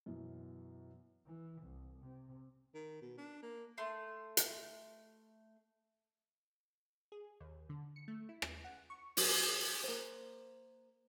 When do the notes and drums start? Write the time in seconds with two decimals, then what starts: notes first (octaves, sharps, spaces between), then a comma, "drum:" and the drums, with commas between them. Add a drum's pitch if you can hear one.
0.06 F#2 B2 E3
1.26 E3
1.62 C2
1.99 C3
2.74 D#3
3.01 B2
3.18 D4
3.43 A#3
3.78 A3 C6
4.37 drum: hi-hat
7.12 G#4
7.40 D#2
7.69 D3
7.96 C#7
8.08 A3
8.29 E4
8.42 drum: rim click
8.64 F#5
8.90 C#6
9.17 F#3, drum: open hi-hat
9.84 A#3 C5